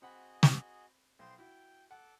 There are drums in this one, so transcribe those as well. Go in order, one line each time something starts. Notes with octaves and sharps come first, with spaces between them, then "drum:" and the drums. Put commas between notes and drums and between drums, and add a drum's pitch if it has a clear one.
C4 F#4 G#4 D#5 F#5 B5
drum: snare
B1 C5 G5 C6
E4 F#4 G5
A4 F#5 D6